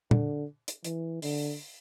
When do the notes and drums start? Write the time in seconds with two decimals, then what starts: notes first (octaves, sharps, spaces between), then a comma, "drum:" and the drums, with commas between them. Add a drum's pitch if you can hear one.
0.11 D3, drum: tom A#2
0.68 drum: hi-hat
0.84 E3, drum: hi-hat
1.22 D3, drum: open hi-hat